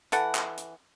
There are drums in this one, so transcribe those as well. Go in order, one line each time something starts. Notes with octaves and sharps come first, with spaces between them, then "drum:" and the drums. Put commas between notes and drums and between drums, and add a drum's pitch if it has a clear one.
E3 A4 F#5, drum: hi-hat
drum: clap
drum: hi-hat